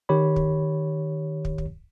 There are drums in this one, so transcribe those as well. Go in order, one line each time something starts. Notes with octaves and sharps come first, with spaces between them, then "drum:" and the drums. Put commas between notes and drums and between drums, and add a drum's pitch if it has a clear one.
D#3 G4 C#5 B5
drum: kick
drum: kick
drum: kick